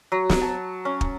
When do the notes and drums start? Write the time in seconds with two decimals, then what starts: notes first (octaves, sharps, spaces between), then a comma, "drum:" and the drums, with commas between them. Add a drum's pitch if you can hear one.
0.12 F#3
0.30 drum: snare
0.41 A5
0.85 C#4
1.01 drum: kick